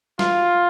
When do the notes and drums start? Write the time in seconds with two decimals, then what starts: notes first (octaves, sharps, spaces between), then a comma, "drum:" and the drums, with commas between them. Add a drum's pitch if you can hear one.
0.19 F4, drum: snare